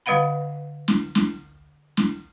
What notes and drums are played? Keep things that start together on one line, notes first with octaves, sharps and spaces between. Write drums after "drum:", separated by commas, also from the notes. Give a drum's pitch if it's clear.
D3 G3 B4 F5 F#5 B5
drum: snare
drum: snare
drum: snare